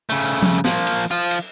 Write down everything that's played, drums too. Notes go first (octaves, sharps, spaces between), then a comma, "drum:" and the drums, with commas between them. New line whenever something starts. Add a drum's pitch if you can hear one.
C#3 A3
drum: tom F3
F3 A#3, drum: snare
drum: cymbal
F3 F4
drum: cymbal